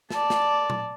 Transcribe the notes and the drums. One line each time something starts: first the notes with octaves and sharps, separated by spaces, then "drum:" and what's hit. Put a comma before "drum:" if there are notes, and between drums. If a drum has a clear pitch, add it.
D5 A5, drum: snare
drum: snare
drum: tom A#2